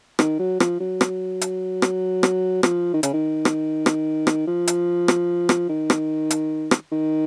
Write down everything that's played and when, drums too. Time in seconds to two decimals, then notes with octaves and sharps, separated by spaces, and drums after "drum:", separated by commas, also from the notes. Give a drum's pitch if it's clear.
0.19 D#3, drum: rim click
0.39 F#3
0.60 F3, drum: rim click
0.80 F#3
1.01 drum: rim click
1.41 drum: hi-hat
1.82 drum: rim click
2.23 drum: rim click
2.63 F3, drum: rim click
2.94 D#3
3.03 C#3, drum: hi-hat
3.13 D#3
3.45 drum: rim click
3.86 drum: rim click
4.27 drum: rim click
4.47 F3
4.67 drum: hi-hat
5.08 drum: rim click
5.49 drum: rim click
5.69 D#3
5.90 drum: rim click
6.30 drum: hi-hat
6.71 drum: rim click
6.92 D#3